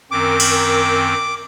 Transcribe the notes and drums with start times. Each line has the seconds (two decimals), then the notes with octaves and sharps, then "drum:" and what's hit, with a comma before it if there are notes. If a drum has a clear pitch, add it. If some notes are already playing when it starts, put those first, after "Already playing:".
0.11 F#2 D#3 C4 A#4 D6
0.40 drum: cymbal